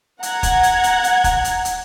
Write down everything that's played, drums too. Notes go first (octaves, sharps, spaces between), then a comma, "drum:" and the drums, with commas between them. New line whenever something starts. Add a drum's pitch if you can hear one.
F#5 A#5 G#6, drum: hi-hat
drum: kick, hi-hat
drum: hi-hat
drum: hi-hat
drum: hi-hat
drum: kick, hi-hat
drum: hi-hat
drum: hi-hat